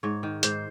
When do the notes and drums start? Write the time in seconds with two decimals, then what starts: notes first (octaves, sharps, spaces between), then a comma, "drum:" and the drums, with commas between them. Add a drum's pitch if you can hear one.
0.03 G#2 C#5
0.23 D#3
0.43 G#2 C5, drum: hi-hat